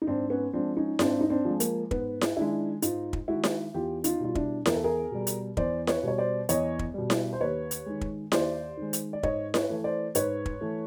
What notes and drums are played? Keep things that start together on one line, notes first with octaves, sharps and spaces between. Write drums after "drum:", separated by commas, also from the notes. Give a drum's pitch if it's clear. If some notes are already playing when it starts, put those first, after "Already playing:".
D#4
G#2 C4 D4
B3 C#4
F3 G#3 C4 D4
C#4 D#4
G#2 C4 D4, drum: snare E4
D#4
C4 D4
F3 G#3
A#3, drum: hi-hat
G#2 B3, drum: kick
drum: snare E4
D#3 G#3 D4 E4
G#2 D#4 F4, drum: hi-hat
drum: kick
D#3 G#3 E4 F#4
drum: snare E4
E2 F4 G4
D#4 F4, drum: hi-hat
B2 G3 F4
D4 E4, drum: kick
E2 A#4, drum: snare E4
A4
G#4 A#4
B2 G3
drum: hi-hat
E2 C5 D5, drum: kick
B4 C#5, drum: snare E4
B2 G3 C#5
C5 D5
E2 C#5 D#5, drum: hi-hat
drum: kick
B2 G3
drum: snare E4
C5
D#2 B4 C#5
drum: hi-hat
D#3 G#3
drum: kick
D#2 C5 D5, drum: snare E4
D#3 G#3
drum: hi-hat
D5
G#2 C#5 D#5, drum: kick
B4 C#5, drum: snare E4
E3 A3
C5 D5
G#2 B4 C#5, drum: hi-hat
drum: kick
E3 A3